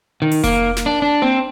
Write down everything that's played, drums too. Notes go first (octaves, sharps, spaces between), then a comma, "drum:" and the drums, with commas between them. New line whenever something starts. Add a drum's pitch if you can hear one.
D#3
drum: open hi-hat
A#3, drum: kick F1, hi-hat
drum: snare
D4
D4
C4, drum: tom A#3